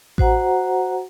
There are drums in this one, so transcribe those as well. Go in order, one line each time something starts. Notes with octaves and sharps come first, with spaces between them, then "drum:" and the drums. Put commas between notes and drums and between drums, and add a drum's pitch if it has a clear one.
F#4 C5 F#5 A#5, drum: kick A1